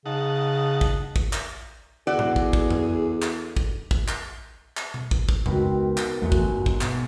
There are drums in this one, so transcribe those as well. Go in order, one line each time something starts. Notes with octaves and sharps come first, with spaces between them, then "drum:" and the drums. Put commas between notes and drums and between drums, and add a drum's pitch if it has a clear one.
C#3 D#4 F#5 A5
drum: kick
drum: kick
drum: clap
E2 D3 F#4 G#4 D5
drum: tom A2
drum: kick
drum: kick
drum: tom F2
drum: clap
drum: kick
drum: kick
drum: clap
drum: clap
drum: tom B2
drum: kick
drum: kick
C#2 B2 D#3 C4, drum: tom F2
drum: clap
E2 F#3 G#3 A3
drum: kick
G1
drum: kick
B2, drum: clap